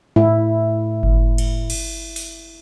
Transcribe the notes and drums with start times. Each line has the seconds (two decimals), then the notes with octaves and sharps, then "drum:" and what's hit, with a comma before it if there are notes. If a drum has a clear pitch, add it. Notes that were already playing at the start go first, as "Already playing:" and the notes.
0.16 A2 E4
1.03 drum: kick G1
1.38 drum: cymbal
1.70 drum: cymbal
2.16 drum: open hi-hat